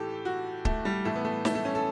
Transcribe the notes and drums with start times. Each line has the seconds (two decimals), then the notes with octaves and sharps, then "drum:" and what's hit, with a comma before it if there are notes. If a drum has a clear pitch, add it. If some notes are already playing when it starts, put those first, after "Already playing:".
Already playing: A2 E3 G4 A4
0.25 F#4
0.65 A3, drum: kick
0.85 G3
1.05 A2 E3 A3
1.16 B3
1.25 A3
1.45 A3, drum: snare
1.55 A3
1.65 C#4
1.75 A4